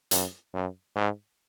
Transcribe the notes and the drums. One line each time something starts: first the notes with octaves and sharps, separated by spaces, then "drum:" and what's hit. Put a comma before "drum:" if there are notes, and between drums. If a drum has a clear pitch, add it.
F#2, drum: hi-hat
F#2
G#2